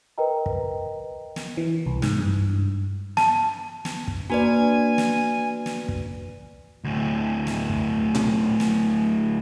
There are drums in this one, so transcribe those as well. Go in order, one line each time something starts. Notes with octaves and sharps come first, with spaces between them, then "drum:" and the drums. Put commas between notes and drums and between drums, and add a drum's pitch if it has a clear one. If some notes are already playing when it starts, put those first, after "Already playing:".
A#4 B4 D#5 G5 A#5
drum: kick
drum: snare
E3
C2
G#2, drum: snare
G2
A5, drum: snare
drum: snare
drum: kick
A#3 D4 F#4 B4 D5 G#5
drum: snare
drum: snare
drum: kick
D2 A2
drum: snare
drum: kick
drum: tom A#2
drum: snare